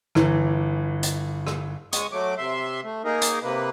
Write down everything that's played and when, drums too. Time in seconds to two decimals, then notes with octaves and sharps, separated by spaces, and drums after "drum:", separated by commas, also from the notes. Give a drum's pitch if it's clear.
0.15 G1 E3, drum: rim click
1.03 drum: hi-hat
1.47 drum: rim click
1.93 G#3 C#6 D#6, drum: hi-hat
2.12 F#3 A3 D6
2.38 C3 E5 C6
2.84 A3
3.04 A#3 D#4 G#4 A#4
3.22 drum: hi-hat
3.43 C3 A#3 B4